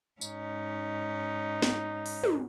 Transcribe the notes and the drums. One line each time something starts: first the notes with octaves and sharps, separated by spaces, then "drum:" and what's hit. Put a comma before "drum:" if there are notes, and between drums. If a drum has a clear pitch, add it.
G#2 C#4 D#4, drum: tambourine
drum: snare
drum: open hi-hat
drum: tom